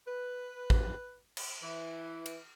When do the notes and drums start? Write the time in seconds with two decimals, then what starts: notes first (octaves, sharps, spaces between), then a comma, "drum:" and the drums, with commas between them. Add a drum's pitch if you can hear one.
0.07 B4
0.70 drum: kick A1
1.37 drum: cymbal
1.62 E3
2.26 drum: cymbal